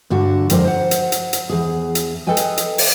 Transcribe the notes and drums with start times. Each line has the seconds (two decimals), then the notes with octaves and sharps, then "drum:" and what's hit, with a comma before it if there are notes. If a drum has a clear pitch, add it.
0.10 G2 D3 D4 F#4
0.50 F2 C4 A#4 C5 D5, drum: hi-hat
0.65 C5 F#5
0.91 drum: hi-hat
1.12 drum: hi-hat
1.33 drum: hi-hat
1.50 E2 G#4
1.95 drum: hi-hat
2.27 A4 B4 D#5 G5 G#5
2.37 drum: hi-hat
2.57 drum: hi-hat
2.78 drum: open hi-hat